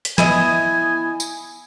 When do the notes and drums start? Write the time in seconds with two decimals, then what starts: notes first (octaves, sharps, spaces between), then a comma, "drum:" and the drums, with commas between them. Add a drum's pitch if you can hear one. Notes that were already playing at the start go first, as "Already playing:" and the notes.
0.05 drum: hi-hat
0.18 B3 E4 D#5 G#5, drum: snare
1.20 drum: tambourine